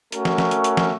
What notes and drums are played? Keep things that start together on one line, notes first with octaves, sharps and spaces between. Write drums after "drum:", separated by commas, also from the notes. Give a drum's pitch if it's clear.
A3 C#4 F#4 A#4, drum: hi-hat
drum: snare
drum: snare
drum: hi-hat
drum: hi-hat
drum: snare